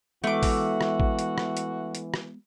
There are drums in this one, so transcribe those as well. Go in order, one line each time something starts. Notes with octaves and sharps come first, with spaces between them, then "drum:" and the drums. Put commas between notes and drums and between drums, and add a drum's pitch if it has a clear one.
E3 G#3 A3 B3 F#4 D6
drum: kick, open hi-hat
drum: rim click
drum: kick
drum: hi-hat
drum: rim click
drum: hi-hat
drum: hi-hat
drum: rim click